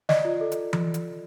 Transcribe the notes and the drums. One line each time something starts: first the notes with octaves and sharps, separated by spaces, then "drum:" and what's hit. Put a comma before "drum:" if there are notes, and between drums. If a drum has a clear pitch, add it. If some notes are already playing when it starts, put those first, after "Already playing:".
D5 D#5, drum: snare
F4
A4
drum: hi-hat
drum: tom E3
drum: hi-hat